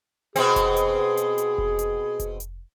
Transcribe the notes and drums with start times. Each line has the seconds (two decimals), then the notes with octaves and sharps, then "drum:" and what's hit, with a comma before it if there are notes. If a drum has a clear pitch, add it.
0.36 B2 C4 G#4, drum: hi-hat
0.56 drum: kick F1, hi-hat
0.76 drum: hi-hat
1.17 drum: hi-hat
1.38 drum: hi-hat
1.58 drum: kick F1
1.79 drum: hi-hat
2.20 drum: kick F1, hi-hat
2.40 drum: hi-hat